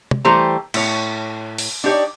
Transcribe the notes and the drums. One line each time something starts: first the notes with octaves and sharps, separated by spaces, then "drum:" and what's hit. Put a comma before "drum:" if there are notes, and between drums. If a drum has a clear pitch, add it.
drum: tom
E3 G3 A3 G4 C5 A#5
A2 C#5, drum: cymbal
drum: open hi-hat
D4 D#4 G4 C#5 D5